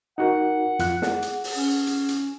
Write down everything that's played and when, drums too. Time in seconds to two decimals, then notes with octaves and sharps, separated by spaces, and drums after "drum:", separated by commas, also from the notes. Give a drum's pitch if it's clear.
0.18 D#4 F#4 A#4 F#5
0.79 F2 F4 F#6, drum: hi-hat
1.02 G#4 F#5, drum: snare
1.22 drum: hi-hat
1.44 drum: open hi-hat
1.56 C#4
1.87 drum: hi-hat
2.08 drum: hi-hat